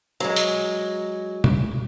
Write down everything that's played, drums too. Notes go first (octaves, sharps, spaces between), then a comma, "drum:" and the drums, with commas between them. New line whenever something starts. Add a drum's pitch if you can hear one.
F#3 G#3
drum: hi-hat
drum: tom